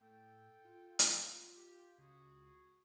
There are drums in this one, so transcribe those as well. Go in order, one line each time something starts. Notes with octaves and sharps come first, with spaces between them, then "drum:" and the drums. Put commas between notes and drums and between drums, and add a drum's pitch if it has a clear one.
A2 A4 G5
F4
drum: hi-hat
G4
C#2 F#4 G#4